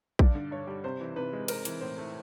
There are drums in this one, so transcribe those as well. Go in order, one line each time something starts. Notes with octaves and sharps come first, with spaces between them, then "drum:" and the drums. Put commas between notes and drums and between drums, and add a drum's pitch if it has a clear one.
G2 D5, drum: kick A#1
D3
G2 C#5
G3
C3 C5
E3
C3 B4
G#3
C4 A#4, drum: cymbal
E3, drum: hi-hat
A2 C5
A3